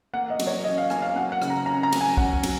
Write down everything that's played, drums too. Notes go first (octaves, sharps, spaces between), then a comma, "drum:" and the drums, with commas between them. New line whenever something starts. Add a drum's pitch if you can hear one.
A#3 F#5
D#5
F#3, drum: cymbal
C#5
C#4 D#5
F5
A#3 G#5, drum: rim click
F5
F#3 F#5
F#5
C#3, drum: rim click
A#5
C#4 A#5
A#5
F#3, drum: cymbal
G#5
C#4 F#5, drum: kick
F#3, drum: cymbal